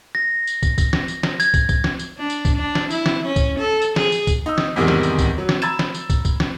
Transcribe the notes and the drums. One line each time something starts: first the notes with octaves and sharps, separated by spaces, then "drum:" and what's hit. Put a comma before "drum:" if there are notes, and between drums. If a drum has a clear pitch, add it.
A#6
drum: tambourine
drum: kick, tambourine
drum: kick, tambourine
drum: snare
drum: tambourine
drum: snare
G#6, drum: tambourine
drum: kick, tambourine
drum: kick, tambourine
drum: snare
drum: tambourine
D4
drum: tambourine
drum: kick, tambourine
D4
drum: snare
E4, drum: tambourine
drum: snare
C#4
drum: kick, tambourine
A4
drum: tambourine
G#4, drum: snare
drum: tambourine
drum: kick, tambourine
D#4 E6
drum: snare
E2 G#2 C3 D#3 G3 G#3
drum: snare
drum: tambourine
drum: kick, tambourine
F#3
drum: snare
A#5 B5 E6 G#6 A6 E7, drum: tambourine
drum: snare
drum: tambourine
drum: kick, tambourine
drum: kick, tambourine
drum: snare